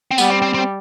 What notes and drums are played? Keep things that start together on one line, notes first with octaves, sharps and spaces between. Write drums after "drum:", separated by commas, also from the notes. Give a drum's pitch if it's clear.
C4
G3 B3, drum: tambourine
C4
C4
C4